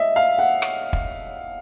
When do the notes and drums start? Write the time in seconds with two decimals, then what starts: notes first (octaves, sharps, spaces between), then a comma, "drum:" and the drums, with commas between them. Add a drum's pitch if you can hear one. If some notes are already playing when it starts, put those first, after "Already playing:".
Already playing: D#5 E5
0.16 F5
0.39 F#5
0.62 drum: rim click
0.93 drum: kick